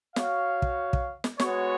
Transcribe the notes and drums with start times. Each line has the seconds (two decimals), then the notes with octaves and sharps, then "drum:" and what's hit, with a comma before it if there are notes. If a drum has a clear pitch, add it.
0.16 F#4 C#5 F5, drum: snare
0.62 drum: kick
0.93 drum: kick
1.24 drum: snare
1.40 G#3 B3 F#4 C#5, drum: snare